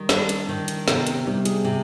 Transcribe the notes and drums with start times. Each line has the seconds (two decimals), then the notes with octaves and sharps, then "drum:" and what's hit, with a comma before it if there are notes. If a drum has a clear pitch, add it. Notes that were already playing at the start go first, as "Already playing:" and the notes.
Already playing: D#3 G3
0.09 D4, drum: snare
0.29 drum: hi-hat
0.49 D#3
0.68 drum: hi-hat
0.88 C3 B3, drum: snare
1.07 C4, drum: hi-hat
1.27 G3 D#4
1.45 G#4, drum: hi-hat
1.64 C3 G4